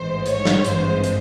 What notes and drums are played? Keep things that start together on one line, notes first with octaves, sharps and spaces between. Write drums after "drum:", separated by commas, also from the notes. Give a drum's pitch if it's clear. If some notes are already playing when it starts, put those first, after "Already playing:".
Already playing: A1 G#2 E3 C5
C#5, drum: hi-hat
drum: snare
G#1 G2 E3 G#3 C5, drum: hi-hat
drum: hi-hat